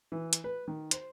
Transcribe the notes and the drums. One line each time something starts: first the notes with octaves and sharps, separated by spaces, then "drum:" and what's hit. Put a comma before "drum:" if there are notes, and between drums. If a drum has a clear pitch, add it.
E3
drum: hi-hat
B4
D#3
C5, drum: hi-hat